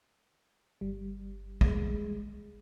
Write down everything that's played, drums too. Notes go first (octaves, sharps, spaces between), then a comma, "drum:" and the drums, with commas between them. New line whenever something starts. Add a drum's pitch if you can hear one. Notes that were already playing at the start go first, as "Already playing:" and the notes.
G1 G3
G#3, drum: kick